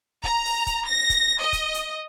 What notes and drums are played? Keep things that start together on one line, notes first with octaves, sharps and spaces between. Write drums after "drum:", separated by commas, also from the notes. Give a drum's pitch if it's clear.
A#5, drum: kick
drum: open hi-hat
drum: kick, hi-hat
A#6
drum: kick, hi-hat
D#5
drum: kick, hi-hat
drum: hi-hat